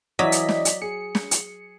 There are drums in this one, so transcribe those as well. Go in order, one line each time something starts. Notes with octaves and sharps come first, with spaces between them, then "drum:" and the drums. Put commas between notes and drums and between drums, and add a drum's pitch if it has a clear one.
E3 F#3 E4 D5 D#5 B6
drum: hi-hat
drum: snare
drum: hi-hat
G#4 C#7
drum: snare
drum: hi-hat